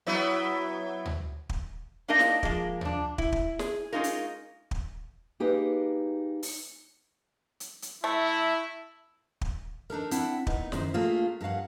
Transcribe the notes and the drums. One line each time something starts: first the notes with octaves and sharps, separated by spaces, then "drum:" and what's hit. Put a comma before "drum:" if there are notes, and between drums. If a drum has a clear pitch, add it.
F#3 B3 E4
drum: tom
drum: kick
A#3 D4 D#4 A#4 D#5 F5
drum: snare
F3 G#3 A#3, drum: kick
F3 D4, drum: tom
E4, drum: kick
drum: kick
G#4, drum: snare
G#3 A#3 C#4 D#4 F4 A#4
drum: hi-hat
drum: kick
A#3 D#4 G4 G#4 B4 D#5
drum: open hi-hat
drum: hi-hat
drum: hi-hat
A3 E4
drum: kick
D4 D#4 A4 A#4
C4 D4 E4 F#5 G5, drum: hi-hat
A#2 B3 D#4, drum: kick
F#2 D#3 F#4 C5, drum: snare
A3 A#3 D4 F4 G#4
G2 A#4 C#5 F5 F#5